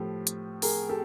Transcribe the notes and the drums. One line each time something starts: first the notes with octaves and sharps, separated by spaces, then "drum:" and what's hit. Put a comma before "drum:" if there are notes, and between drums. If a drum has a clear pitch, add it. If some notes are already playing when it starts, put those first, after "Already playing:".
Already playing: A2 F3 G4 A4
drum: hi-hat
G#4 A#4, drum: open hi-hat
G4 A4